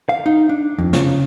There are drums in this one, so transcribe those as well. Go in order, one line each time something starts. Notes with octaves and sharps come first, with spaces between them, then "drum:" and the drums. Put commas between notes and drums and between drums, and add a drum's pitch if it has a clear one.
F5
D#4
D4
F2
C#3, drum: snare